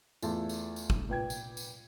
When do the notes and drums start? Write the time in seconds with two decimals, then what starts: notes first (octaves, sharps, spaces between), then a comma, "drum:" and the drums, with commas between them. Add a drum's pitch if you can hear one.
0.22 E2 A3 F4 A5, drum: tambourine
0.49 drum: tambourine
0.76 drum: tambourine
0.90 drum: kick
1.09 A#2 B4 G5 G#6
1.30 drum: tambourine
1.57 drum: tambourine